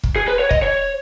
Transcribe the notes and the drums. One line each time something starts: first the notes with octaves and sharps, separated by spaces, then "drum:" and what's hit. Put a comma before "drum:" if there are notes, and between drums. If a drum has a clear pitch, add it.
drum: kick
G#4
B4
C#5
D#5, drum: kick
C#5